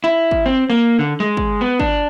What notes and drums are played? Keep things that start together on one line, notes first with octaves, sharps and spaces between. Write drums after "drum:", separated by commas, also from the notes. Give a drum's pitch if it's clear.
E4
drum: kick
C4
A#3
D3
G#3
drum: kick
B3
D4, drum: kick